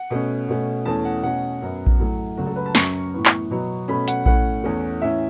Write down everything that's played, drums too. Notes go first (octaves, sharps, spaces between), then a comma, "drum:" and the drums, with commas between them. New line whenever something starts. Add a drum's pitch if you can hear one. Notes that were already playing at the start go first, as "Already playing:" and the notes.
Already playing: F#5
B2 A3 C#4
B2 A3 C#4
E2 E3 A3 C#4 A5
F#5
B2 A3 C#4 F#5
F#2 F#3 B3
drum: kick A#1
A2 F#3 A3
C#2 C#3 F#3 A3 F#4
A4
B4
A5
F#2 F#3 C#4 C#6, drum: snare
A2 E3 B3
drum: clap
B2 F#3 B3
B2 A3 C#4 B5
F#5, drum: hi-hat
A2 A3 C#4 F#5, drum: kick A#1
E2 E3 A3 C#4
A2 E3 C#4 E5